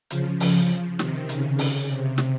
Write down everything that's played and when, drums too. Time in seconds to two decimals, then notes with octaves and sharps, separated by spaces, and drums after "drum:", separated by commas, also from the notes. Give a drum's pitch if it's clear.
0.10 C#3 F3, drum: hi-hat
0.40 C#3 F3, drum: open hi-hat
0.99 C3 D#3, drum: snare
1.29 C#3, drum: hi-hat
1.59 drum: open hi-hat
1.88 C3
2.18 drum: snare